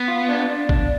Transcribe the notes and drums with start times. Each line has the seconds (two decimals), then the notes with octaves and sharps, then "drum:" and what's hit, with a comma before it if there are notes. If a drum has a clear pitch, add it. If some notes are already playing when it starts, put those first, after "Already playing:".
Already playing: B3
0.08 F4
0.28 D4
0.49 D4
0.69 D4, drum: kick G#1